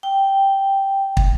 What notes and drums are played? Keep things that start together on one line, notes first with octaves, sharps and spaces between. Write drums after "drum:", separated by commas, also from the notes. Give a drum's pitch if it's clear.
G5
drum: kick